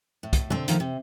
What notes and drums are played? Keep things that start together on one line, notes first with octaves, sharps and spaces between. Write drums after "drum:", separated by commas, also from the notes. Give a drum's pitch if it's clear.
A2
drum: kick, hi-hat
D3 C4, drum: tom B2
D3 D#3 F3 A3 A#3, drum: hi-hat
C3